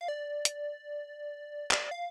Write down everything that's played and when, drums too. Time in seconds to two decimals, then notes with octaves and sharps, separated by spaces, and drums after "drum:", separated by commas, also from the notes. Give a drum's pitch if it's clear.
0.01 F5
0.08 D5
0.45 drum: hi-hat
1.71 D5, drum: clap
1.91 F5